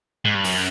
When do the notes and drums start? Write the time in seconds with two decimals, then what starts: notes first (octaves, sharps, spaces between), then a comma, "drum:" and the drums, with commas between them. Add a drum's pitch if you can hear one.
0.25 G#2
0.35 G2
0.44 F#2, drum: open hi-hat